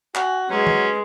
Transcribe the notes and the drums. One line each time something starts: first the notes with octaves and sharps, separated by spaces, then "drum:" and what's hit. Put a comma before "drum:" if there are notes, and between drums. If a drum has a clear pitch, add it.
F#4 G#5, drum: clap
F#3 G#3 C#4 B4
drum: tom